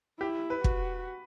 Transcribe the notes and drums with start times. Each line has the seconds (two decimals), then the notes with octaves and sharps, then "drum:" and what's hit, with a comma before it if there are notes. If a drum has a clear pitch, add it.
0.20 E4 G4
0.50 B4
0.64 F#4, drum: kick